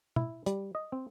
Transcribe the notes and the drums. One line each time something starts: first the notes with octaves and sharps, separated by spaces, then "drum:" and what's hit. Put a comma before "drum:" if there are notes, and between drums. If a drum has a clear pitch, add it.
E4, drum: tom
G3, drum: hi-hat
D#5
C4